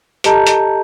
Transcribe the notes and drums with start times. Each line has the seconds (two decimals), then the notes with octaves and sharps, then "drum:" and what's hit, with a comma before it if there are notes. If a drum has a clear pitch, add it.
0.24 G4 A4 D#5 A5 A#5 G6, drum: hi-hat
0.47 drum: hi-hat